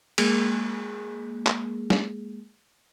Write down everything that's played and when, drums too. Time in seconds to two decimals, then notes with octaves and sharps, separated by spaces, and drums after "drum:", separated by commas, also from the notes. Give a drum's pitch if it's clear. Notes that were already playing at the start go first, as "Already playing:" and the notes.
0.18 G#3 A#3 G#4, drum: cymbal
1.47 drum: clap
1.90 drum: snare